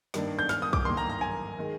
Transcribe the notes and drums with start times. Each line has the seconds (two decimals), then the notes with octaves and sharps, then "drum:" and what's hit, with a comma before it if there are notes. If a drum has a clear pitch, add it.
0.14 G2 D#3 A#3 D4, drum: snare
0.39 G6
0.49 F6, drum: snare
0.62 D#6
0.73 D6, drum: kick B1
0.85 G2 D#3 A#3 C6
0.97 A#5
1.10 A#5
1.21 G#5
1.59 D#3 G#3